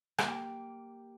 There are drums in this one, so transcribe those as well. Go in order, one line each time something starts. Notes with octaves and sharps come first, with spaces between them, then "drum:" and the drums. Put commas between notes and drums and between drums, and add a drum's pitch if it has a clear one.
A#3 G4, drum: rim click